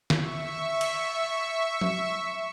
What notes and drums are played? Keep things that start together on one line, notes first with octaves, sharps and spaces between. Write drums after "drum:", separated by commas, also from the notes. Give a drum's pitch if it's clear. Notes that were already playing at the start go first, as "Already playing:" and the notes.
E5 C#6, drum: snare
drum: cymbal
drum: tom